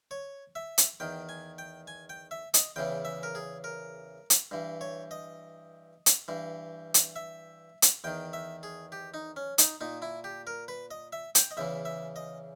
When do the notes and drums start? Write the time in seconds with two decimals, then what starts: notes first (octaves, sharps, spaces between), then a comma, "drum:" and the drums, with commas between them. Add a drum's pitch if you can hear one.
0.11 C#5
0.55 E5
0.78 drum: hi-hat
1.00 E2 D#3 G5
1.29 G#5
1.58 G5
1.87 G#5
2.09 G5
2.31 E5
2.54 D#5, drum: hi-hat
2.76 E2 C#3 E3 G5
3.05 E5
3.23 A#4
3.35 G#4
3.64 A#4
4.30 drum: hi-hat
4.51 G2 E3
4.81 C#5
5.11 D#5
6.06 drum: hi-hat
6.28 G2 E3
6.94 drum: hi-hat
7.16 E5
7.82 drum: hi-hat
8.04 E2 D#3 G5
8.33 E5
8.63 G#4
8.92 G4
9.14 D#4
9.36 C#4
9.58 D#4, drum: hi-hat
9.81 A#2 D#4
10.02 E4
10.24 G4
10.47 A#4
10.68 B4
10.91 D#5
11.13 E5
11.35 G5, drum: hi-hat
11.51 D#5
11.57 E2 C#3 E3 E5
11.85 E5
12.16 D#5